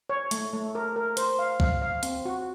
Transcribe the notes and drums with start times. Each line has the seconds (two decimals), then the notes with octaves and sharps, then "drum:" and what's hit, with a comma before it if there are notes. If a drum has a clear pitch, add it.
0.09 C#5
0.31 A3, drum: hi-hat
0.53 A3
0.75 A#4
0.96 A#4
1.17 C5, drum: hi-hat
1.39 F5
1.60 F5, drum: kick
1.82 F5
2.03 C4, drum: hi-hat
2.25 F#4